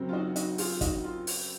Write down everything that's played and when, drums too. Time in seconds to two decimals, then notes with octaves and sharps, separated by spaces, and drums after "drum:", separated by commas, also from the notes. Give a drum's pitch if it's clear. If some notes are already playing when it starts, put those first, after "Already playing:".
Already playing: F#2 C#3 F#3 C4
0.09 F4
0.13 D#4 F#4
0.36 D#4 F#4, drum: hi-hat
0.58 F4 G#4, drum: open hi-hat
0.81 D#4 F#4, drum: kick, hi-hat
1.04 F4
1.27 drum: open hi-hat